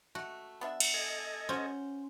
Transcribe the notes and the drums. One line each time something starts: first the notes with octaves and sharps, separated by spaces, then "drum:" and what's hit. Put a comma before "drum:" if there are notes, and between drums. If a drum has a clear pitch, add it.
A3 F#4
B3 D4 E5
drum: cymbal
A4 D#5 G#5
C#4 F#4 C5